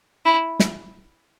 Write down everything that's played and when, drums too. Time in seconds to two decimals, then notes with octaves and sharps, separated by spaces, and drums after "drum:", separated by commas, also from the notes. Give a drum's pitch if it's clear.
0.25 E4
0.60 drum: snare